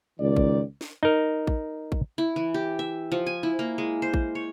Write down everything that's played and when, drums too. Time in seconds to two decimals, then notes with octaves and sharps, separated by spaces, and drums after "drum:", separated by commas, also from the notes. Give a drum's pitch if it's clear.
0.20 C#2 D#3 D5
0.36 drum: kick A1
0.81 drum: snare
1.03 D#4 A#4
1.47 drum: kick A1
1.92 drum: kick A1
2.18 E4
2.36 E3
2.54 G4
2.79 E5
3.12 F3
3.27 G#5
3.43 E4
3.59 A#3
3.78 G#3
4.02 C5
4.14 drum: kick A1
4.35 C#5